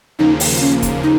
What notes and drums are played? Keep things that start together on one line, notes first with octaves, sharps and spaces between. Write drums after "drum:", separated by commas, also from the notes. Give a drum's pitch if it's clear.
D#2 C#3 F3 A#3 D#4
drum: open hi-hat
C#4
drum: kick, hi-hat
D#4